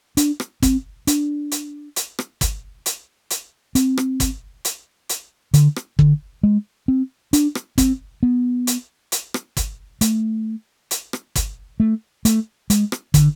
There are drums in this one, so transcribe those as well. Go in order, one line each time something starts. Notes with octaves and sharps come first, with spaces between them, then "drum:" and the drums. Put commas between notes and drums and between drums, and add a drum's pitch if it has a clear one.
D4, drum: hi-hat
drum: rim click
C4, drum: kick, hi-hat
D4, drum: hi-hat
drum: hi-hat
drum: hi-hat
drum: rim click
drum: kick, hi-hat
drum: hi-hat
drum: hi-hat
C4, drum: hi-hat
drum: rim click
drum: kick, hi-hat
drum: hi-hat
drum: hi-hat
D3, drum: hi-hat
drum: rim click
D3, drum: kick
G#3
C4
D4, drum: hi-hat
drum: rim click
C4, drum: kick, hi-hat
B3
drum: hi-hat
drum: hi-hat
drum: rim click
drum: kick, hi-hat
A3, drum: hi-hat
drum: hi-hat
drum: rim click
drum: kick, hi-hat
A3
A3, drum: hi-hat
G#3, drum: hi-hat
drum: rim click
D3, drum: kick, hi-hat